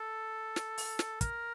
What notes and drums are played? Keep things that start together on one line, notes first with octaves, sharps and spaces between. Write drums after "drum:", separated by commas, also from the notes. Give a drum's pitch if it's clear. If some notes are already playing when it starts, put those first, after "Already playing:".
Already playing: A4
drum: snare
drum: open hi-hat
drum: snare
A#4, drum: kick, hi-hat